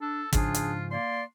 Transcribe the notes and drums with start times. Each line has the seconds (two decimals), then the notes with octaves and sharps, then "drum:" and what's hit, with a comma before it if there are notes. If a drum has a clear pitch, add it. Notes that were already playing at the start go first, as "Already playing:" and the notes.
0.01 D4 A4
0.33 G#2 C#3 F3 D4 F4 G#4, drum: kick, hi-hat
0.54 drum: hi-hat
0.91 A#3 D5 C6